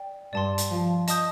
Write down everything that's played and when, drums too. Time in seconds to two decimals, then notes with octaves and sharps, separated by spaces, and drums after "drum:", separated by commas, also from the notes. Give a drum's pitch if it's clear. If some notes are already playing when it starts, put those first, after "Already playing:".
Already playing: D5 G5
0.33 G2 D5 A5 C6
0.58 drum: hi-hat
0.70 F3
1.08 D#5 A5 D#6 G6, drum: hi-hat